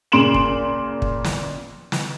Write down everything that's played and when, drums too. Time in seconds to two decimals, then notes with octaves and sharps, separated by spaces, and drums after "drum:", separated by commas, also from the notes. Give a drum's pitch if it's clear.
0.12 A#2 C#3 C6 D7 E7 F#7
0.34 drum: kick
1.02 drum: kick
1.24 drum: snare
1.92 drum: snare